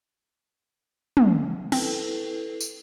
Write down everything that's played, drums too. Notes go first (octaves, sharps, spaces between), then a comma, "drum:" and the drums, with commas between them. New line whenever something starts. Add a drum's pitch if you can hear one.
drum: tom
C4 E4 A4 B4, drum: cymbal
drum: tambourine